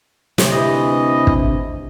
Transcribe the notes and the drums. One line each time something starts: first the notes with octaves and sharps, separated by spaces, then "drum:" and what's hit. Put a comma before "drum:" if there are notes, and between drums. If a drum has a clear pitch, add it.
D2 C3, drum: snare
E3 D#5
drum: kick